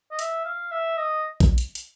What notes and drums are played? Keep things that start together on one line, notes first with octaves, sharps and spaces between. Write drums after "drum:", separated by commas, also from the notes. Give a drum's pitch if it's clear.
D#5
E5, drum: hi-hat
F5
E5
D#5
drum: kick A#1, hi-hat
drum: hi-hat
drum: hi-hat